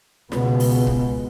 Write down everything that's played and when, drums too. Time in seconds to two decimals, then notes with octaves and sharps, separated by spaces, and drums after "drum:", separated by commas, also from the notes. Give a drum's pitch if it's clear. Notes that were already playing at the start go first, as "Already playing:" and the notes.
0.32 C#2 B2 G#3 B3, drum: snare
0.60 drum: open hi-hat
0.87 drum: kick C#1